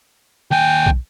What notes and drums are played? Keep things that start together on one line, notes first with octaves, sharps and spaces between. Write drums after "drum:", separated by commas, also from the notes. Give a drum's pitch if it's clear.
D#2 G5 G#5
drum: kick B1